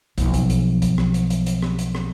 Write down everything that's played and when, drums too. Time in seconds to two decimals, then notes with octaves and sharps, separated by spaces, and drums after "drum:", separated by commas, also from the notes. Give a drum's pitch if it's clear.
0.18 B1 F3, drum: hi-hat
0.34 drum: kick B1, hi-hat
0.50 drum: hi-hat
0.82 drum: kick B1, hi-hat
0.98 drum: rim click
1.14 drum: hi-hat
1.30 drum: hi-hat
1.46 drum: hi-hat
1.62 drum: rim click
1.79 drum: hi-hat
1.95 drum: rim click